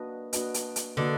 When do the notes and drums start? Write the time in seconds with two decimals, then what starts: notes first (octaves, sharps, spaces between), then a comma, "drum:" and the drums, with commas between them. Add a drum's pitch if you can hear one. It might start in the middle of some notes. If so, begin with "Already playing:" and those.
Already playing: A#3 D4 F#4 B4 D#5
0.33 A#3 D4 F#4 B4 D#5, drum: hi-hat
0.54 drum: hi-hat
0.76 drum: hi-hat
0.97 D3 A#3 D4 F#4 B4 D#5